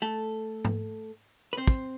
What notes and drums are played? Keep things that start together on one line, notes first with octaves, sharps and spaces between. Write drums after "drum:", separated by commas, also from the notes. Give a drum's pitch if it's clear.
A3 A4
drum: tom G#2
B4
C4 C5
drum: kick